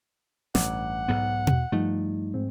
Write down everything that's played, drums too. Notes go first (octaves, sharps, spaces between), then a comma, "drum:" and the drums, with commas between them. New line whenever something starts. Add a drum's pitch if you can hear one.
A1 G2 F#5 D6, drum: snare
B1 G#2 B3
drum: tom B2
G2 F3 G3 A3 D#4
G#2 C4